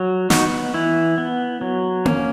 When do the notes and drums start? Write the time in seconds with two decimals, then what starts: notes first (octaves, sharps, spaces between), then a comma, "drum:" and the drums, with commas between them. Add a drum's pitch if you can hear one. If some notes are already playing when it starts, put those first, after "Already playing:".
Already playing: F#3
0.30 B3 D#4 F#4, drum: snare
0.74 E3 E4
1.18 B3
1.61 F#3
2.05 A#3 C#4, drum: tom A#3